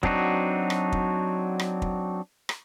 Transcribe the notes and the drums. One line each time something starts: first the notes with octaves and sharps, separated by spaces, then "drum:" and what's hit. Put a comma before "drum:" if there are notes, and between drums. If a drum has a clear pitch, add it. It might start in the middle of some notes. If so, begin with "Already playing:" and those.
F#3 C4 D4 D#4 F#4, drum: kick
drum: rim click
drum: kick
drum: rim click
drum: kick
drum: rim click